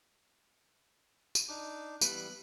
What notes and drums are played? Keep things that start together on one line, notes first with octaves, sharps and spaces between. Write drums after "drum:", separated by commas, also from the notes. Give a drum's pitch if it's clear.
drum: tambourine
D4 D#4 D6
E3 G3 B3 B4 B5, drum: tambourine